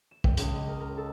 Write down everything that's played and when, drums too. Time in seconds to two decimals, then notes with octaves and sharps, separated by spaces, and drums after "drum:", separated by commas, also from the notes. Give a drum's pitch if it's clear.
0.11 E7
0.24 G5, drum: kick
0.37 C#2, drum: hi-hat
0.53 D#5
0.68 A#4
0.80 A#4
0.97 A4